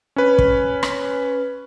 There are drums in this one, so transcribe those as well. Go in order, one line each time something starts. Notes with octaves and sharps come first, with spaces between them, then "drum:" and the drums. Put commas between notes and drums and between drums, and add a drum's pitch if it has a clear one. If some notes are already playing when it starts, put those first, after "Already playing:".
C#4 B4
drum: kick
drum: rim click